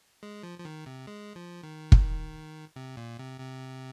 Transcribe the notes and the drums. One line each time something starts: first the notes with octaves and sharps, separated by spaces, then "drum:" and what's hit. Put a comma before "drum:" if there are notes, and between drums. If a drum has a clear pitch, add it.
G#3
F3
F3
D#3
C3
G#3
F3
D#3
drum: kick
C3
A#2
C3
C3